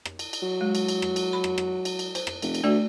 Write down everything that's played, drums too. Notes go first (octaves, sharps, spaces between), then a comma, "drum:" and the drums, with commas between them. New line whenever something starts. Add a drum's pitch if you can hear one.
drum: rim click
drum: cymbal
drum: cymbal
F#3
G#3
drum: cymbal
drum: cymbal
drum: rim click
drum: cymbal
B5
drum: rim click
drum: rim click
drum: cymbal
drum: cymbal
C5, drum: cymbal
drum: rim click
F1, drum: cymbal
drum: cymbal
D2 A3 F#4 D5